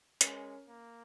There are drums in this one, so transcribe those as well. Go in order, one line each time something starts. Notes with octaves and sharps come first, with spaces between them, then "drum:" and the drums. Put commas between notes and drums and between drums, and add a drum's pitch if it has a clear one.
G#3 C#4 A#4 C#5, drum: hi-hat
A#3